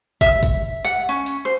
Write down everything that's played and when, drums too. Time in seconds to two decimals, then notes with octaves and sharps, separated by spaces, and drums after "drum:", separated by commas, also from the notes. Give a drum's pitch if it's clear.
0.21 E5, drum: kick, hi-hat
0.43 drum: kick, hi-hat
0.85 F#5, drum: open hi-hat
1.09 C#4
1.26 drum: hi-hat
1.45 C5